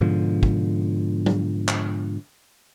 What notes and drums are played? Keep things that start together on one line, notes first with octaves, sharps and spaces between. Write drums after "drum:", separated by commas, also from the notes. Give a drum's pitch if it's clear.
G#2 B2 D3 F3
drum: kick
drum: tom F#3
drum: clap